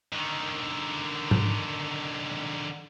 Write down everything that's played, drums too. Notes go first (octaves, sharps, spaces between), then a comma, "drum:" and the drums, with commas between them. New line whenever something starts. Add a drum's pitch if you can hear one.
D3 D#3
drum: tom G#2